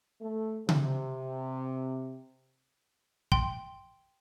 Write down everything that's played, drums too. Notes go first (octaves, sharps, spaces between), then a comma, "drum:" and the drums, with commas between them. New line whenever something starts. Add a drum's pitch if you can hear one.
A3
C3, drum: tom C#3
G5 C6, drum: kick